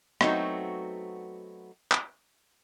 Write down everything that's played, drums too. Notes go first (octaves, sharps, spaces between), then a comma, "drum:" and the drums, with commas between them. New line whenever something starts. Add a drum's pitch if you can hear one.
F#3 A3 B3 C4 D#4 F#4, drum: rim click
drum: clap